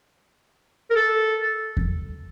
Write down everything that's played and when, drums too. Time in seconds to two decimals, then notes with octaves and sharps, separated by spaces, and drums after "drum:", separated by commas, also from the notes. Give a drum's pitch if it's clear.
0.91 A#4
0.95 A4
1.77 drum: kick E2